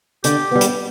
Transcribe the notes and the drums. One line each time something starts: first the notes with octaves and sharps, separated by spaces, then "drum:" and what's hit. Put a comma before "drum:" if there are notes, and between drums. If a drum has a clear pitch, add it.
D3 G4, drum: hi-hat
G3 B3
drum: hi-hat